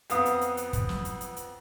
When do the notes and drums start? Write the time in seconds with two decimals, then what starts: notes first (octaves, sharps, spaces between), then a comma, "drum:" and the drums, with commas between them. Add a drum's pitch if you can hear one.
0.10 F2 B3 F5 D#6, drum: hi-hat
0.26 drum: hi-hat
0.41 drum: hi-hat
0.57 drum: hi-hat
0.73 drum: kick, hi-hat
0.89 drum: snare
1.05 drum: hi-hat
1.21 drum: hi-hat
1.36 drum: hi-hat